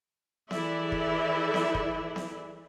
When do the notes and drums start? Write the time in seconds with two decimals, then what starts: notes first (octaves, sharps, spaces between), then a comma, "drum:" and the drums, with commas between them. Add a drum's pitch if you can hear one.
0.51 E3 E4 G#4 A4 D5 E5, drum: snare B3
0.92 drum: kick
1.54 drum: snare B3
1.75 drum: kick
2.16 drum: snare B3